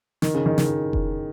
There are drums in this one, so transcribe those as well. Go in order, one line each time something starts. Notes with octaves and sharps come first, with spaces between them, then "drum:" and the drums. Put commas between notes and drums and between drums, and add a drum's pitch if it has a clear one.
D#3, drum: snare
C#3
D#3
D#3, drum: snare
drum: kick F1